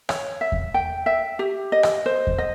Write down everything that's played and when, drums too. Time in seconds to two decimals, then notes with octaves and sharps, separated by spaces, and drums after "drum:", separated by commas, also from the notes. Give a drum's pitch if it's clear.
0.09 C#5, drum: rim click
0.41 E5
0.52 drum: kick E2
0.74 G5
1.06 E5
1.39 G4
1.72 D#5
1.83 drum: rim click
2.06 C5
2.27 drum: kick E2
2.38 D#5